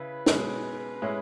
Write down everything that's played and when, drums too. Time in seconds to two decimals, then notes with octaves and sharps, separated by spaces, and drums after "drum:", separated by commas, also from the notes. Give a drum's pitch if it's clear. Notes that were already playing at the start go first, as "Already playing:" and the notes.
Already playing: C#3 E4 B4
0.26 B2 G#3 C#4, drum: snare
1.02 A2 G#3 C#4 E4